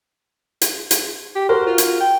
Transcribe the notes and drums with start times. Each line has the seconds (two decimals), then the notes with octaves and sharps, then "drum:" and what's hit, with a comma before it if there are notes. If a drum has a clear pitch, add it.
0.61 drum: hi-hat
0.91 drum: hi-hat
1.35 G4
1.49 F#4 A#4 C5
1.66 F4
1.78 drum: hi-hat
2.00 G5